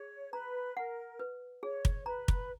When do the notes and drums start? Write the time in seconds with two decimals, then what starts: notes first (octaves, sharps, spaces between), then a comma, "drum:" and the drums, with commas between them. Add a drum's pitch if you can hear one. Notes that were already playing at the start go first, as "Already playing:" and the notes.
Already playing: G#4 C#5
0.32 B4 A#5
0.76 A#4 F#5
1.19 B4
1.63 G#4 C#5
1.85 drum: kick
2.06 B4 A#5
2.28 drum: kick